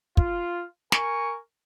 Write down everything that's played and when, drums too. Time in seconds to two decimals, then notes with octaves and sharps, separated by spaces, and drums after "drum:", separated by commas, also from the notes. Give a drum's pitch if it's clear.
0.17 F4, drum: kick
0.92 A#4 G#5 C#6, drum: snare